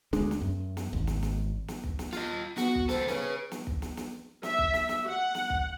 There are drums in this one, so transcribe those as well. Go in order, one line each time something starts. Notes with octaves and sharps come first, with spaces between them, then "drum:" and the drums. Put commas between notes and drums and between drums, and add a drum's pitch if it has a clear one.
D2 G#3 D4, drum: snare
drum: snare
F#2
drum: snare
G#1, drum: kick
drum: snare
drum: snare
drum: snare
drum: kick
drum: snare
F4 D#5, drum: snare
B3 F#4, drum: snare
drum: kick
C#2 A4 C5, drum: snare
G#4 B4 C#5, drum: snare
drum: snare
drum: kick
drum: snare
drum: snare
E5, drum: snare
drum: kick
drum: snare
drum: snare
F#5
drum: snare
drum: kick